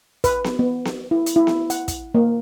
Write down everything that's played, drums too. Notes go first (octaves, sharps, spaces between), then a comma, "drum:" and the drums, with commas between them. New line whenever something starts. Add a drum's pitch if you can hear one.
B4, drum: kick, hi-hat
drum: snare B3
B3
drum: snare B3
E4
drum: hi-hat
E4
drum: snare B3
F#5, drum: hi-hat
drum: kick, hi-hat
A#3